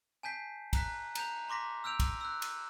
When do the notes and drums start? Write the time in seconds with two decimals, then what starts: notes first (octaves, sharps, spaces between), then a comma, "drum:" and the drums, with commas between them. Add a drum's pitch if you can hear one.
0.23 G#5 A5 G6 B6 C7
0.73 A#5 F#6 B6, drum: kick, cymbal
1.15 A#5 G6 F7, drum: cymbal
1.49 A#5 C6 D6 A#6 B6
1.84 E6 F6 G6 D7 F7
2.00 drum: kick, cymbal
2.21 E6 F#6
2.42 drum: cymbal